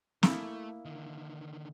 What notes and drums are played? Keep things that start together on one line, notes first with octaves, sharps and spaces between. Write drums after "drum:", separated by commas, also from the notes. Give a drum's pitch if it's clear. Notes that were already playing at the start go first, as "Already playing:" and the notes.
A3 A#3 E4, drum: snare
D3 D#3